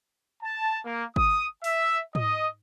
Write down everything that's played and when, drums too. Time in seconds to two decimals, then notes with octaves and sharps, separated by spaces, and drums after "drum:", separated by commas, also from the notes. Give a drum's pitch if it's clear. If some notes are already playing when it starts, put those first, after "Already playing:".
0.43 A5
0.85 A#3
1.16 D#6, drum: kick G#1
1.64 E5, drum: open hi-hat
2.15 D#5, drum: tom G#2